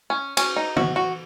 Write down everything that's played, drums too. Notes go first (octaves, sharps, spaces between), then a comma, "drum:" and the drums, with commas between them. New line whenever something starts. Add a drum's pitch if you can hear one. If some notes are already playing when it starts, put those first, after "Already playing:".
C#4
C#4, drum: cymbal
D#4
F#4, drum: tom
F#4